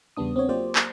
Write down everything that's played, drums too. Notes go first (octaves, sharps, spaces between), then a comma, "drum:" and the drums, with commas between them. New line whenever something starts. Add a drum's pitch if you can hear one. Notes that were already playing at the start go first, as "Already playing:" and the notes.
E2 C#3 G3 B3 D4 D#6
C4 F#4 C#5
F#3 A#3 F4 G4 C5 D5
drum: clap